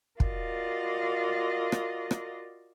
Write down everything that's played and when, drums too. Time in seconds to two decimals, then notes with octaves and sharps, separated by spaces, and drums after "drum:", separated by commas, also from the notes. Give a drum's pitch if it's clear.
0.20 F4 F#4 A#4 D5 D#5 F5, drum: kick
1.72 drum: rim click
2.11 drum: rim click